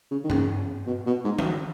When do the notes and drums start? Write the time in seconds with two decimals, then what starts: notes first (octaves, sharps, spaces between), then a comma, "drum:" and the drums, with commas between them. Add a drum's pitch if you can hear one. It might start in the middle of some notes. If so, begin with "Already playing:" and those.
0.11 C#3
0.24 D#3
0.30 C#3, drum: tom G2
0.86 B2
1.06 B2
1.24 G#2
1.39 drum: tom E3